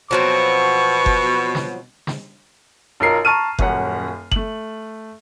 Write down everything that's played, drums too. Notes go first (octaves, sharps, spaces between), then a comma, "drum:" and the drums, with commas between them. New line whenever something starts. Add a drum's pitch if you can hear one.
B2 F3 F#3 C4 C#6
drum: kick F#1
drum: snare
drum: snare
B1 F4 A#4 C7
A5 A#5 C#6 F6 D#7
D#1 F#2 F#5, drum: kick F#1
A3 F#7, drum: kick F#1